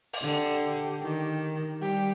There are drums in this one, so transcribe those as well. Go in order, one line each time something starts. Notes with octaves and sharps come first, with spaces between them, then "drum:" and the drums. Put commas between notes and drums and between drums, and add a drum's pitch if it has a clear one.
drum: open hi-hat
D3 G4
D#3
G3 G4